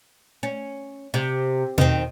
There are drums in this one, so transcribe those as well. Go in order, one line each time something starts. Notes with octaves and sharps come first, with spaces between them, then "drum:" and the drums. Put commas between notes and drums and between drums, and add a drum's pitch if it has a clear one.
C#4
C3
D#3 C4, drum: tom